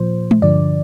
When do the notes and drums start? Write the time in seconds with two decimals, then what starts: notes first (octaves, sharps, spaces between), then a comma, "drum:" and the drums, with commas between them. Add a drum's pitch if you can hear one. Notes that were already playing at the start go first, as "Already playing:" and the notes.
Already playing: A#2 F3 C5
0.31 drum: tom G#3
0.42 G2 D3 F3 D5